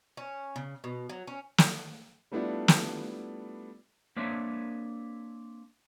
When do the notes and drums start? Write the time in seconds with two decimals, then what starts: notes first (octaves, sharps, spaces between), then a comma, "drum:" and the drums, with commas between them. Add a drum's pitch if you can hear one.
0.17 C#4
0.56 C#3
0.84 B2
1.10 F#3
1.27 C#4
1.58 drum: snare
2.32 G3 A3 B3 D4 E4 F4
2.68 drum: snare
4.17 A#3 C4 D4 C#5 E5